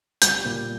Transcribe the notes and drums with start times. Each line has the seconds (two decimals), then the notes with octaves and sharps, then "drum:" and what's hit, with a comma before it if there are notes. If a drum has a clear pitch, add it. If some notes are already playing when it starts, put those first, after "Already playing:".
0.22 G3 G6, drum: hi-hat
0.45 A#2